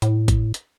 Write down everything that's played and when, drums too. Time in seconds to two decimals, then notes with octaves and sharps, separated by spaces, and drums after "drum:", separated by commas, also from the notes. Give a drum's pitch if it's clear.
0.02 A2, drum: hi-hat
0.28 drum: kick, hi-hat
0.54 drum: hi-hat